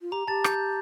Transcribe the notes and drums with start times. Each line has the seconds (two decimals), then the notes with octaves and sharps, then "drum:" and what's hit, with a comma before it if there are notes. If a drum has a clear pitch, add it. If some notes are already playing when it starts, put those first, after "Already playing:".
0.02 F4
0.12 G4 A#5
0.27 G4 A5 A6
0.44 G6, drum: rim click